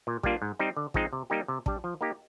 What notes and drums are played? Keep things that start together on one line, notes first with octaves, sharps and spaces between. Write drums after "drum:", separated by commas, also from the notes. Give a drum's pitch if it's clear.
A#2
G3 A#3 D4 F4, drum: kick
G#2
G3 C4 D#4
D3
F3 G#3 C4 D#4, drum: kick
C3
G3 A#3 D#4 G4
C3
G3 D4, drum: kick
F3
A#3 D#4 G4